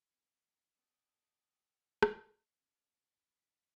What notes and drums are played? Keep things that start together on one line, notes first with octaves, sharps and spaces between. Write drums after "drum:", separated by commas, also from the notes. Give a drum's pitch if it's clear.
F#2 B3 G#5
B3 C#4 A4 D5 G5 D#6
drum: rim click
C#3 C4 A4 C6
F2 C#3 E4 B5 A#6 B6